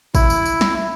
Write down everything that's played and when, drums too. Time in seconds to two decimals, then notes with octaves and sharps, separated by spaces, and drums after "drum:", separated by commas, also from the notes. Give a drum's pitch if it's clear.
0.15 E4, drum: kick G#1, tambourine
0.30 drum: tambourine
0.46 drum: tambourine
0.61 drum: snare